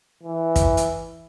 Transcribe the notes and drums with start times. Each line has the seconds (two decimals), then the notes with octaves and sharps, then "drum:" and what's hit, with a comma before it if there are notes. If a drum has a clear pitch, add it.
0.23 E3
0.56 drum: kick, hi-hat
0.77 drum: hi-hat